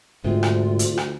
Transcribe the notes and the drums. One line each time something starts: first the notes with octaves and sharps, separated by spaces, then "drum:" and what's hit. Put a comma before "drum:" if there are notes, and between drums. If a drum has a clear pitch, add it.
D2 G#2 C3 F4
drum: rim click
drum: hi-hat
drum: rim click